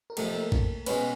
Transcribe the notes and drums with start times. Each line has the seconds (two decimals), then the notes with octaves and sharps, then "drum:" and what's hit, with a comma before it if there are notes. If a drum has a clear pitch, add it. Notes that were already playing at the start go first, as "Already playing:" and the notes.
0.10 A#4
0.17 F2 C3 F3 A3 A4, drum: cymbal
0.35 A#3 A#4
0.52 drum: kick A1
0.86 B2 G#3 B3 C#4 B4, drum: cymbal